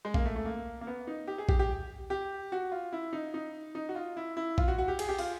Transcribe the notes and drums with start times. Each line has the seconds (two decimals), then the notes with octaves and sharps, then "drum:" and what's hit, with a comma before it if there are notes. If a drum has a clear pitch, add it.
0.05 G#3
0.14 A#3, drum: kick A#1
0.26 A3
0.36 A3
0.45 A#3
0.81 A#3
0.87 B3
1.07 D#4
1.28 G4
1.38 G#4
1.49 G4, drum: kick A#1
1.59 G4
2.10 G4
2.52 F#4
2.72 F4
2.93 E4
3.13 D#4
3.34 D#4
3.75 D#4
3.89 F#4
3.95 F4
4.17 E4
4.37 E4
4.58 F4, drum: kick A#1
4.68 F#4
4.78 F#4
4.88 G4
4.99 G#4, drum: cymbal
5.09 G4
5.19 F4, drum: open hi-hat